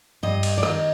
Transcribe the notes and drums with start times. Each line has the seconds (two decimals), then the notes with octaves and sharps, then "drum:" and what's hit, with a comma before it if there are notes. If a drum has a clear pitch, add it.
0.23 G2 D#5
0.43 drum: cymbal
0.58 D5
0.63 D#3 D#5, drum: rim click